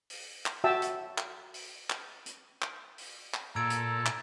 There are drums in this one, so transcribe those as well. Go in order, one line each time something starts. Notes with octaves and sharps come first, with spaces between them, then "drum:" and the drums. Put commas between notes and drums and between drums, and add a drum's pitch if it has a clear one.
drum: open hi-hat
drum: clap
F#4 E5 G5 A5 E6
drum: hi-hat
drum: clap
drum: open hi-hat
drum: clap
drum: hi-hat
drum: clap
drum: open hi-hat
drum: clap
A#2 A4 A#5 E6 G#6 D7
drum: hi-hat
drum: clap